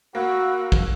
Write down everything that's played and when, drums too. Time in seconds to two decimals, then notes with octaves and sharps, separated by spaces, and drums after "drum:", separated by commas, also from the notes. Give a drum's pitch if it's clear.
0.15 A#3 F#4 B5 E6 F#6
0.72 drum: kick